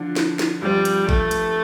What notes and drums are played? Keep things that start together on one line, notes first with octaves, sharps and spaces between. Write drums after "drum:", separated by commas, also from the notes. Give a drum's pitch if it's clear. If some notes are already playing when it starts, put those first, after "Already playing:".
Already playing: D3 F3 D4
drum: snare
drum: snare
G2 F3 G3 C4
drum: hi-hat
A3, drum: kick A1
drum: hi-hat